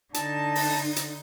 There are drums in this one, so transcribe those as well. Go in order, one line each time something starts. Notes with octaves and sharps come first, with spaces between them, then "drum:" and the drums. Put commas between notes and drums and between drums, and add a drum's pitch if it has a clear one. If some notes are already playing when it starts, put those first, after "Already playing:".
D3 D#4 A5, drum: hi-hat
drum: open hi-hat
drum: hi-hat